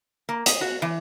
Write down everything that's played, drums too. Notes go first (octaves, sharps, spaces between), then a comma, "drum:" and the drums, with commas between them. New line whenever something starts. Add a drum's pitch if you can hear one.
A#3
D#5, drum: hi-hat
F#4
E3